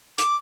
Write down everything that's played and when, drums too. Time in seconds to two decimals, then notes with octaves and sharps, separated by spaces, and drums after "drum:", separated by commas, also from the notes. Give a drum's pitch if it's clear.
0.18 D6, drum: hi-hat